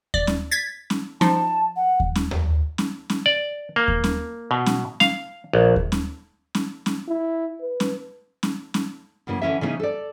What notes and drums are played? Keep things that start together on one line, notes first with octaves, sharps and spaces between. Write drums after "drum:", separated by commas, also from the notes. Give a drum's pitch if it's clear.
D5, drum: kick D#2
drum: snare C#4
G#6 A6 B6
drum: snare C#4
F3 D#4 A5, drum: snare C#4
F#5
drum: kick D#2
drum: snare C#4
drum: tom D#2
drum: snare C#4
drum: snare C#4
D5
A#3
drum: kick D#2
drum: snare C#4
B2
drum: snare C#4
F5, drum: snare C#4
A#1
drum: kick D#2
drum: snare C#4
drum: snare C#4
drum: snare C#4
E4
B4
drum: snare C#4
drum: snare C#4
drum: snare C#4
F#2 C#3 E3 G3 A#3
D3 E3 C#4 E5
C#3 E3 A3 B3 C#4 D#4
A4 D5